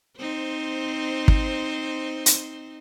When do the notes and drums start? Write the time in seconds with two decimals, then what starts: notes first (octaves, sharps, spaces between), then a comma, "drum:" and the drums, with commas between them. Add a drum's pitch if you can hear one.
0.19 C4 D#4 C5
1.28 drum: kick
2.26 drum: hi-hat